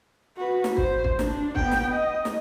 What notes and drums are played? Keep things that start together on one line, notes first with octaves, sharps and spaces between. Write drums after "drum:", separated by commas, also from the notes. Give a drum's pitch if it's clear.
F#4 B4
drum: snare
C5, drum: kick
drum: kick
D4, drum: snare
B3 G5, drum: kick
drum: snare
D#5
drum: snare